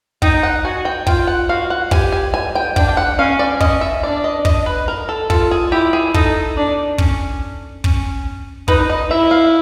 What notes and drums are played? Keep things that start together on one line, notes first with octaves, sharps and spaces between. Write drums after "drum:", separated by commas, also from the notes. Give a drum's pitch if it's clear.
D#4 G5, drum: kick
F#5
F#4 G#5
G5
F4 G5, drum: kick
F#5
F#4 F5
F#5
G4 G#5, drum: kick
G#5
G#5
G5
D4 G5, drum: kick
G5
F#5
C#4 F5
D5
C#4 D#5, drum: kick
E5
D4 D5
D#5
D#5, drum: kick
B4
A#4
A4
F4 A4, drum: kick
G#4
E4 G4
G#4
D#4 A4, drum: kick
D4
C#4, drum: kick
C#4, drum: kick
D#4 B4, drum: kick
D#5
E4 E5
F5